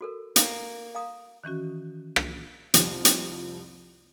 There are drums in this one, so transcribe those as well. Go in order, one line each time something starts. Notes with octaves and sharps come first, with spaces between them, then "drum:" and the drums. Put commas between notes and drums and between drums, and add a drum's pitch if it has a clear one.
F#4 A4 A#4
A#3, drum: hi-hat
F5 A#5 D#6
D#3 E3 C#4 F#4
drum: rim click
C2 F2 C3 F3, drum: hi-hat
drum: hi-hat